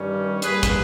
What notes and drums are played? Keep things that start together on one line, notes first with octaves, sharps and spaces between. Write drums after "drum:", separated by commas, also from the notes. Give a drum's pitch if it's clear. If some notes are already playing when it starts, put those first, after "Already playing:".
Already playing: G2 D#3 G3 C#4
G2 G3 A#3 G#4 B4, drum: hi-hat
drum: kick, hi-hat